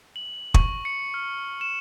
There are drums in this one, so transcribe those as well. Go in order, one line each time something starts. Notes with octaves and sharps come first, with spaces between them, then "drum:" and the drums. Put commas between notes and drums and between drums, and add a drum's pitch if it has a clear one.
F#7
C#6, drum: kick
C#7
F6
E7